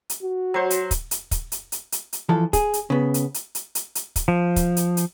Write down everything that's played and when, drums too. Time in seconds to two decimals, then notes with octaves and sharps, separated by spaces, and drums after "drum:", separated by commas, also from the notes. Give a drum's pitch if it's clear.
0.10 drum: hi-hat
0.23 F#4
0.54 F#3 C5
0.70 drum: hi-hat
0.91 drum: kick, hi-hat
1.11 drum: hi-hat
1.31 drum: kick, hi-hat
1.52 drum: hi-hat
1.72 drum: hi-hat
1.92 drum: hi-hat
2.13 drum: hi-hat
2.29 E3 F3 A4
2.53 G#4, drum: kick, hi-hat
2.74 drum: hi-hat
2.90 C#3 B3
3.14 drum: hi-hat
3.34 drum: hi-hat
3.55 drum: hi-hat
3.75 drum: hi-hat
3.95 drum: hi-hat
4.16 drum: kick, hi-hat
4.28 F3
4.56 drum: kick, hi-hat
4.77 drum: hi-hat
4.97 drum: hi-hat